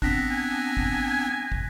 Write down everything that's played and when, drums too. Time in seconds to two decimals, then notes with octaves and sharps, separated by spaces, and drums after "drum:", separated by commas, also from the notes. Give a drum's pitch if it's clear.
0.02 B3 C4 D4 F#6 A#6 B6, drum: kick
0.31 G#5
0.77 drum: kick
1.52 drum: kick